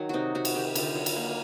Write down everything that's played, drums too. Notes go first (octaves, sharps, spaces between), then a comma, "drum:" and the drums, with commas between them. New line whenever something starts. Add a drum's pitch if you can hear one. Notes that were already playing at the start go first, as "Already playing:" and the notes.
Already playing: D#3 F#3
C3 D#4 F#4
C3 F#4
drum: cymbal
D#3 G4
D3, drum: cymbal
F#3
drum: cymbal
A#3